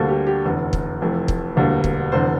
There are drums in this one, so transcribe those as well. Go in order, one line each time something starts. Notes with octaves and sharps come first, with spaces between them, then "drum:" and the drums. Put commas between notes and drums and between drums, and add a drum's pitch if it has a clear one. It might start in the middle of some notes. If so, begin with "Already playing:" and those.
Already playing: D2 D3 G3 A#3 A4
G4
G4
F1 E2 D3
drum: kick
F1 F2 E3 A3
drum: kick
E1 D2 D3 G3 A#3
drum: kick
F1 E2 D3 C5